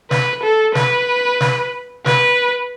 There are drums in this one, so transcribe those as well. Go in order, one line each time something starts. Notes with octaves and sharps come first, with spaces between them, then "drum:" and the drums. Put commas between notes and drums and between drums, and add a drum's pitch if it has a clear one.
B4, drum: snare
A4
B4, drum: snare
drum: snare
B4, drum: snare